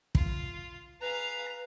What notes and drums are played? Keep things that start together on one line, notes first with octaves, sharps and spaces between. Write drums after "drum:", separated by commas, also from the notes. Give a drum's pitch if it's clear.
F4, drum: kick
G#4 B4 F5 A#5